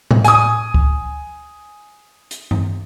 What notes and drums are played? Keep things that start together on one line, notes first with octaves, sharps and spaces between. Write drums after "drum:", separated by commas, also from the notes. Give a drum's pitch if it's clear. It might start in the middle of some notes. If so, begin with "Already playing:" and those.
drum: tom A2
G#5 D#6, drum: hi-hat
drum: kick C#2
drum: hi-hat
drum: tom G2